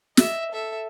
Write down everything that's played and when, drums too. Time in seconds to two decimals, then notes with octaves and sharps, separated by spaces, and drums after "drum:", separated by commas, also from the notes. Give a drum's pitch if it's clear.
0.17 D#5 E5, drum: snare
0.52 A4 E5